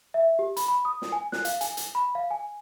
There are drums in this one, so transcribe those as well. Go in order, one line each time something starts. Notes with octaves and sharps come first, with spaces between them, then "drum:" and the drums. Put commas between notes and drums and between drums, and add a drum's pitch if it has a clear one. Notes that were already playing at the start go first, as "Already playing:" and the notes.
E5
G4
B5, drum: hi-hat
B5
D#6
drum: snare
G#5
F#6, drum: snare
F5, drum: hi-hat
G#5, drum: hi-hat
drum: hi-hat
B5
F5
G#5